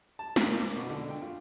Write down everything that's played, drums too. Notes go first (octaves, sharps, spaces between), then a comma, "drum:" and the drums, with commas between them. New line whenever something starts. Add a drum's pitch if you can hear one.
A5
C4, drum: snare
A#3
D6
B2
D3
G5
F4